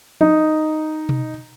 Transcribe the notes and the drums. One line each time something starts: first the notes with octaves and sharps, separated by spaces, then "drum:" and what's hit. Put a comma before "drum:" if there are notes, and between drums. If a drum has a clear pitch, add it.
D#4, drum: tom F3
drum: tom B2